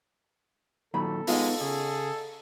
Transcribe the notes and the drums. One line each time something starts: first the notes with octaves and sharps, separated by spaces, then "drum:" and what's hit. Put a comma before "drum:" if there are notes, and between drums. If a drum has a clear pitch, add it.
A#2 D#3 F#3 A4 B5
G#3 B3 D#4 F4 F#5, drum: open hi-hat
C#3 G#4